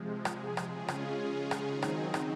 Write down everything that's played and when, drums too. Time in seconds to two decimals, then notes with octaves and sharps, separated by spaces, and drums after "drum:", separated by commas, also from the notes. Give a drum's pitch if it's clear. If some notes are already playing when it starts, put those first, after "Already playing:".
Already playing: C3 F3 G#3
0.25 G#4, drum: rim click
0.57 drum: rim click
0.72 C#3 G#3 C#4 F4 G#4
0.88 drum: rim click
1.51 drum: rim click
1.66 D#3 F#3 C4 D#4
1.82 drum: rim click
2.14 drum: rim click